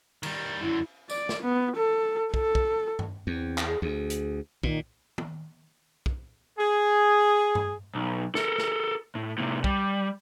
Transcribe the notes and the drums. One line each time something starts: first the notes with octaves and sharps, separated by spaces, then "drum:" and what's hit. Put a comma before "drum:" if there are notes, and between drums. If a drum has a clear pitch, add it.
D#3 G3, drum: cymbal
F#2 D3 E4
D5, drum: tambourine
drum: snare
B3
A4
A4, drum: kick
drum: kick
drum: tom G2
E2 C4
drum: clap
G#4
D2 G#4
drum: hi-hat
A#2 D#3, drum: kick
drum: tom
drum: kick
G#4
drum: tom G2
B1
A4 A#4, drum: snare
drum: snare
A2
A2 C3
G3, drum: kick